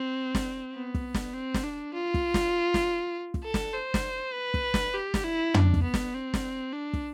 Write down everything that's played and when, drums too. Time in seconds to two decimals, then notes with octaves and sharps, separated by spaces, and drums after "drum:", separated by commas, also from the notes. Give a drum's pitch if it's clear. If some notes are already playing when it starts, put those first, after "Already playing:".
Already playing: C4
0.35 drum: snare
0.75 B3
0.94 drum: kick
1.14 drum: snare
1.34 C4
1.54 drum: snare
1.64 D4
1.94 F4
2.14 drum: kick
2.34 drum: snare
2.74 drum: snare
3.34 drum: kick
3.44 A4
3.54 drum: snare
3.74 C5
3.94 drum: snare
4.34 B4
4.54 drum: kick
4.74 drum: snare
4.94 G4
5.14 drum: snare
5.24 E4
5.54 D4, drum: tom
5.74 drum: kick
5.83 B3
5.94 drum: snare
6.14 C4
6.34 drum: snare
6.73 D4
6.93 drum: kick